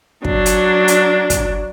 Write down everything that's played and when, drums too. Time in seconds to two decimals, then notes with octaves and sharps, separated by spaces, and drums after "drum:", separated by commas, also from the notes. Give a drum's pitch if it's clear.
0.25 F#3 D4, drum: kick
0.46 drum: hi-hat
0.88 drum: hi-hat
1.30 drum: kick, hi-hat